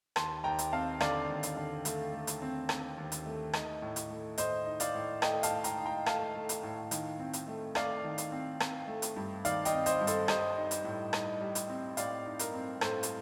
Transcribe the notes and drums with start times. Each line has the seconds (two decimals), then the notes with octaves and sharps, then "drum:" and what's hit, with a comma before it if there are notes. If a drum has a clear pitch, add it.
0.16 D#2 A5 C6, drum: rim click
0.44 D#2 G5 A#5
0.59 drum: hi-hat
0.72 C4 F5 A5
1.00 D3 D5 F5, drum: rim click
1.29 D#2
1.43 drum: hi-hat
1.56 D3
1.85 A3, drum: hi-hat
2.13 A3
2.27 drum: hi-hat
2.42 C4
2.69 C4, drum: rim click
2.98 D#2
3.12 drum: hi-hat
3.26 A3
3.53 D#4, drum: rim click
3.82 A2
3.96 drum: hi-hat
4.10 A3
4.38 A2 C5 D#5, drum: hi-hat
4.66 D#4
4.80 D5 F5, drum: hi-hat
4.94 A2
5.22 A3 D#5 G5, drum: rim click
5.43 F5 A5, drum: hi-hat
5.51 A2
5.64 G5 A#5, drum: hi-hat
5.78 D#4
5.86 G5 A#5
6.06 A3 F5 A5, drum: rim click
6.35 A3
6.49 drum: hi-hat
6.63 A2
6.91 D#3, drum: hi-hat
7.19 C4
7.33 drum: hi-hat
7.47 A3
7.75 A3 D5 F5, drum: rim click
8.04 D#3
8.18 drum: hi-hat
8.32 C4
8.60 C4, drum: rim click
8.87 A3
9.02 drum: hi-hat
9.16 G2
9.45 D#3 D5 F5, drum: hi-hat
9.65 D#5 G5, drum: hi-hat
9.73 C4
9.86 C5 D#5, drum: hi-hat
10.01 G2
10.07 A4 C5, drum: hi-hat
10.28 G3 C5 D#5, drum: rim click
10.57 D#4
10.71 drum: hi-hat
10.84 A2
11.13 D#4, drum: rim click
11.41 G3
11.55 drum: hi-hat
11.69 C4
11.97 A2 D5 F5, drum: hi-hat
12.25 D#4
12.39 A#4, drum: hi-hat
12.54 C4
12.81 A2 A4 C5, drum: rim click
13.03 drum: hi-hat